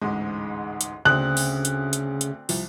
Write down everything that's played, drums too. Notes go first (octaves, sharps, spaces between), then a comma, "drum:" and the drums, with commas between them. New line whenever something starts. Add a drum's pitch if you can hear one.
A1 D2 G#2 G#3
drum: hi-hat
D2 C#3 C4 D4 D#6 F#6 F#7
drum: open hi-hat
drum: hi-hat
drum: hi-hat
drum: hi-hat
C2 F3, drum: open hi-hat